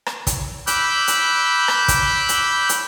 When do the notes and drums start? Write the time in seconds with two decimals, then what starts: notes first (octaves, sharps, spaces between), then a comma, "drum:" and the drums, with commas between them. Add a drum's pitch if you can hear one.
0.06 drum: rim click
0.27 drum: kick, hi-hat
0.67 B5 D6 E6 F#6 G6, drum: hi-hat
1.07 drum: hi-hat
1.68 drum: rim click
1.88 drum: kick, hi-hat
2.29 drum: hi-hat
2.69 drum: hi-hat